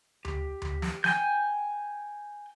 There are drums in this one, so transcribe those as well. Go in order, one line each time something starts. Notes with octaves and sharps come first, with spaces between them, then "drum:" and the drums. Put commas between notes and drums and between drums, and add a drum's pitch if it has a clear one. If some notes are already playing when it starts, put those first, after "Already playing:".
G4, drum: tom D2
drum: tom D2
drum: snare
G5 G#5 G6, drum: snare